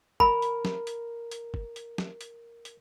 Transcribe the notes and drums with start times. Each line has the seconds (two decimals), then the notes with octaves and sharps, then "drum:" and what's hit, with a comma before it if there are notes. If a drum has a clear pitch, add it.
0.20 A#4 B5, drum: kick
0.42 drum: hi-hat
0.65 drum: snare
0.87 drum: hi-hat
1.31 drum: hi-hat
1.54 drum: kick
1.76 drum: hi-hat
1.98 drum: snare
2.21 drum: hi-hat
2.65 drum: hi-hat